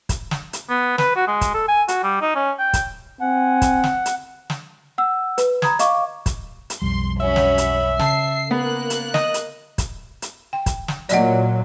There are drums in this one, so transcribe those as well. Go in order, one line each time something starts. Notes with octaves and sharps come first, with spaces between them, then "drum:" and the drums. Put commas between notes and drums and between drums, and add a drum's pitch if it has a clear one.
drum: kick, hi-hat
drum: snare
drum: hi-hat
B3
B4, drum: snare
F#4
G#3
drum: kick, hi-hat
A4
G#5
F#4, drum: hi-hat
G3
D#4
C#4
G5
drum: kick, hi-hat
C4 F#5 G#5
drum: kick, hi-hat
drum: snare
drum: hi-hat
drum: snare
F#5 E6
B4, drum: hi-hat
A#5 B5 D#6 G#6, drum: snare
D#5 F5 C#6 D6, drum: hi-hat
drum: kick, hi-hat
drum: hi-hat
B1 F2 G3 C6
C#4 F#4 E5 B5
drum: snare
drum: hi-hat
C#3 A5 C7, drum: snare
A#3 B3 F#6
drum: hi-hat
D#5, drum: snare
drum: hi-hat
drum: kick, hi-hat
drum: hi-hat
G5
drum: kick, hi-hat
drum: snare
A#2 F#3 D5 D#5 F#5, drum: hi-hat